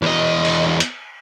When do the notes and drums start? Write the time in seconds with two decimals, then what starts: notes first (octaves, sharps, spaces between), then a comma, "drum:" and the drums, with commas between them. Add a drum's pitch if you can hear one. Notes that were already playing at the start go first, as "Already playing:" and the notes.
0.02 E2 D#5
0.45 drum: cymbal
0.80 drum: hi-hat